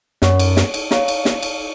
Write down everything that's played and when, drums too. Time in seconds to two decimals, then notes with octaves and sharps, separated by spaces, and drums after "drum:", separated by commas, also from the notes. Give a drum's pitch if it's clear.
0.22 F#2 C#5 F#5 C#6, drum: snare
0.39 drum: cymbal
0.57 drum: snare
0.74 drum: cymbal
0.91 C#5 F5 A#5 C#6, drum: snare
1.08 drum: cymbal
1.25 drum: snare
1.42 drum: cymbal